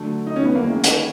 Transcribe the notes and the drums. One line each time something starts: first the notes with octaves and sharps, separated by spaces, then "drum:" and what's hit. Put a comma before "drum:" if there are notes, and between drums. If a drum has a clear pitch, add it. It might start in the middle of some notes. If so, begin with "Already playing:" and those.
Already playing: D3 F#3 A3
D#4
C#4
B3
A#3
D#3 G#3 C#4 E4
drum: hi-hat